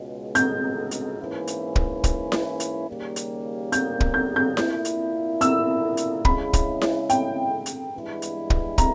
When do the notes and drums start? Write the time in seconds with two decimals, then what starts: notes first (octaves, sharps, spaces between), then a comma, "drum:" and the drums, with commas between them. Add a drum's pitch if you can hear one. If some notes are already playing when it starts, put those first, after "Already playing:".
Already playing: C#2 B2 G#3
0.35 G6, drum: hi-hat
0.91 drum: hi-hat
1.20 G#2 E3 A#3 C#4 E4
1.47 drum: hi-hat
1.76 drum: kick
2.04 drum: kick, hi-hat
2.32 drum: snare E4
2.60 drum: hi-hat
2.88 D#2 C#3 G3 A#3
3.16 drum: hi-hat
3.72 G6, drum: hi-hat
4.00 drum: kick
4.14 G6
4.36 G6
4.57 A#2 A#3 E4, drum: snare E4
4.85 drum: hi-hat
5.41 E6, drum: hi-hat
5.97 drum: hi-hat
6.25 C#3 G#3 C#4 E4 B5, drum: kick
6.53 drum: kick, hi-hat
6.82 drum: snare E4
7.10 G5, drum: hi-hat
7.66 drum: hi-hat
7.94 G2 E3 G#3 B3 E4
8.22 drum: hi-hat
8.50 drum: kick
8.78 A#5, drum: kick, hi-hat